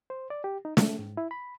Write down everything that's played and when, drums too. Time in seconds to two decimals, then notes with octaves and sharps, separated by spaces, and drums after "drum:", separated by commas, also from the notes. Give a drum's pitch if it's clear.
0.10 C5
0.30 D5
0.44 G4
0.65 D#4
0.77 A3, drum: snare
0.99 G#2
1.17 E4
1.31 B5